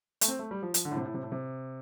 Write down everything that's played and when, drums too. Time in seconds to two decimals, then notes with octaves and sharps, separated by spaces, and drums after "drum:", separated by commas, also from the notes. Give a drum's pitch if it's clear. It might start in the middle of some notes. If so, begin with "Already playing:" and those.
0.21 A3, drum: hi-hat
0.28 C4
0.39 A3
0.51 G3
0.63 F3
0.74 F3, drum: hi-hat
0.85 D3
0.91 A2
0.97 C3
1.05 A2
1.14 C3
1.23 A2
1.32 C3